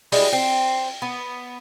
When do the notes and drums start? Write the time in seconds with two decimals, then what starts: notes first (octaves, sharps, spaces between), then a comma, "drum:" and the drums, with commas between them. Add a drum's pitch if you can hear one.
0.12 G3 G#3 E4, drum: open hi-hat
0.32 C4
1.02 B3